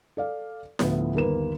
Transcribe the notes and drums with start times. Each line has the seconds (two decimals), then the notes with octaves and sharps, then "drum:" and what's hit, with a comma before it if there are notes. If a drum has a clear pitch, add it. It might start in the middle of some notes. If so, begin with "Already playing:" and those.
0.17 A4 D5 F5
0.79 D2 A2 F3 B3, drum: snare E4
1.15 G1 D#2 A#3 A#4 B4 E7